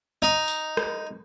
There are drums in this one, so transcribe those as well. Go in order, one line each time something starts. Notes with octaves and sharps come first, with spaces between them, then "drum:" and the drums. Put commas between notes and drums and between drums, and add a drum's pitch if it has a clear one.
D#4
drum: tambourine
drum: rim click